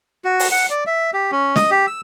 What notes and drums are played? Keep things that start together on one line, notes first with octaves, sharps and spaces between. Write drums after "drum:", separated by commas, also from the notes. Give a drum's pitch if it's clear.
F#4
drum: open hi-hat
F#5
D5
E5
G4
C#4
D#5, drum: snare
G4
E6